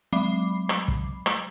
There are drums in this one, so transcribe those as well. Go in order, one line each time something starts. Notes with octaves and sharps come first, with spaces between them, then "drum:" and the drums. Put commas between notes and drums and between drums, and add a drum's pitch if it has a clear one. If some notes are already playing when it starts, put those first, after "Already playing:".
F#3 G#3 B5 D6 C7
drum: rim click
drum: kick
drum: rim click